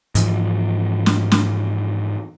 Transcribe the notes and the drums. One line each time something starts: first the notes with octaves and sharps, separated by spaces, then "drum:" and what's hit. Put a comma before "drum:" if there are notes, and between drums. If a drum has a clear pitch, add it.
G#2 E3 F3, drum: hi-hat
drum: snare
drum: snare